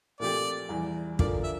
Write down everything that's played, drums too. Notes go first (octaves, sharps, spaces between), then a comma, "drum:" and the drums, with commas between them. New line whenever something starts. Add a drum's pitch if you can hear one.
A#2 F3 A3 C4 G4 D5
E2 E3 G3
D3 F3 A#3 D4 F4 D5, drum: kick
E5